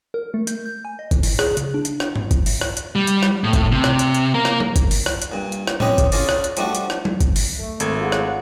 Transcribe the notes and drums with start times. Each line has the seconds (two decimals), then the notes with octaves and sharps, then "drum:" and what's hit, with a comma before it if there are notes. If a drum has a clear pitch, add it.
0.14 A#4
0.34 A3
0.47 G6, drum: hi-hat
0.66 G6
0.85 G#5
0.99 D#5
1.11 D3, drum: kick, hi-hat
1.23 A2, drum: open hi-hat
1.39 G#4, drum: rim click
1.57 C#3, drum: hi-hat
1.74 D4
1.85 drum: hi-hat
2.00 drum: rim click
2.16 drum: tom G#2
2.31 drum: kick, hi-hat
2.46 drum: open hi-hat
2.61 drum: rim click
2.77 drum: hi-hat
2.96 G3
3.07 drum: hi-hat
3.23 drum: rim click
3.44 A2
3.53 drum: kick, hi-hat
3.72 C3
3.84 drum: rim click
3.99 drum: hi-hat
4.14 drum: hi-hat
4.34 A#3 A#4
4.45 drum: rim click
4.60 drum: tom F#3
4.76 drum: kick, hi-hat
4.91 drum: open hi-hat
5.06 drum: rim click
5.22 drum: hi-hat
5.32 G2 A#2
5.52 drum: hi-hat
5.67 drum: rim click
5.80 C4 C#4 G4 B4 C#5 D#5, drum: tom A2
5.98 drum: kick, hi-hat
6.12 C#4 F4 G#4 A#4 D5, drum: open hi-hat
6.29 drum: rim click
6.44 drum: hi-hat
6.57 F3 G3 A3 D4 F#4, drum: hi-hat
6.75 drum: hi-hat
6.90 drum: rim click
7.05 drum: tom F#3
7.21 drum: kick, hi-hat
7.36 drum: open hi-hat
7.59 A3
7.80 G#1 A3 A4 G#6, drum: hi-hat
8.01 F4 G#4 F#5
8.12 drum: rim click